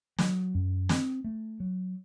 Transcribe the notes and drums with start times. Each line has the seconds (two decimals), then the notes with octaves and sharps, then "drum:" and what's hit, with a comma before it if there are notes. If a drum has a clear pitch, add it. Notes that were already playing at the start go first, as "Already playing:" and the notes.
0.18 F#3, drum: snare
0.55 F#2
0.89 C4, drum: snare
1.24 A3
1.60 F#3